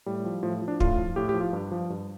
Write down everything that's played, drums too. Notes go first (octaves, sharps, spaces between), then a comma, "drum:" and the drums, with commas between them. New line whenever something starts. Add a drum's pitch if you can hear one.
A2 G3
F3
A2 F3
F3
D4
A2 F4, drum: kick
F3
A2 G4
G4
F3
F4
G2
F3
G2